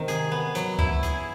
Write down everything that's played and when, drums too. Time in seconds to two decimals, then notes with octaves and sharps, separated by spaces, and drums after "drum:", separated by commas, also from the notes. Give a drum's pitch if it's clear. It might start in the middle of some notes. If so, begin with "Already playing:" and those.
Already playing: C3 D#3
0.08 G#4, drum: hi-hat
0.32 B3
0.55 F#3, drum: hi-hat
0.79 E4, drum: kick C#2
1.03 G#4, drum: hi-hat